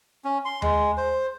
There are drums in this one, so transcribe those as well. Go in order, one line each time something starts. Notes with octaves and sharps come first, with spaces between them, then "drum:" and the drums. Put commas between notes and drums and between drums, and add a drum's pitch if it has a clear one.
C#4
C6
G#3, drum: tom D#2
C5